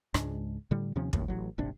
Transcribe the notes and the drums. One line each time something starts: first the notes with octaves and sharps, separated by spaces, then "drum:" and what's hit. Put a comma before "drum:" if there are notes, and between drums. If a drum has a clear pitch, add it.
C#2 G#2 G#3 D4, drum: rim click
A2 D3 G3
D#2 C3 F3 C#4
E1 A#1 D#2 A2, drum: kick
A1 F#3
D#1 G#1 C3 D4